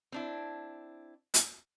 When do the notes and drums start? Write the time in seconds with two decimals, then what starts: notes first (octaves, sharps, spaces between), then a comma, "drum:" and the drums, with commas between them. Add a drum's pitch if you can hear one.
0.12 C4 D4 E4
1.34 drum: hi-hat